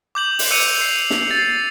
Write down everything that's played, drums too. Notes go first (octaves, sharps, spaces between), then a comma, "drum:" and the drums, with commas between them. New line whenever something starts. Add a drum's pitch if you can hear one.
D6 G6 F#7
drum: open hi-hat
E6 C#7 D#7 F7
C7
drum: snare
A6 C7